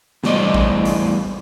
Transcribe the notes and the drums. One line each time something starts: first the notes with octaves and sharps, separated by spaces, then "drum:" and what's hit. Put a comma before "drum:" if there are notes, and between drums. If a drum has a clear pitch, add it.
E2 A2 G3 C5 D5 D#5, drum: snare
drum: kick A1
drum: hi-hat